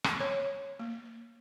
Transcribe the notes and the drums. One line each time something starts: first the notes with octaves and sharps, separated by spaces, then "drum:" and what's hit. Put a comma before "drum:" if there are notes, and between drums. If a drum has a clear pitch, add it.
drum: rim click
C#5
A#3